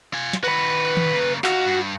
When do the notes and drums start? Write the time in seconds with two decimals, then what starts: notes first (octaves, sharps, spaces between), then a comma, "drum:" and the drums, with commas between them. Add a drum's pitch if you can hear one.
0.13 F4 G#5
0.33 drum: snare
0.44 D#3 F#4 B4 B5
0.97 drum: tom D#3
1.13 C#3 A#3
1.44 D#4 F#4 F5, drum: clap
1.66 G2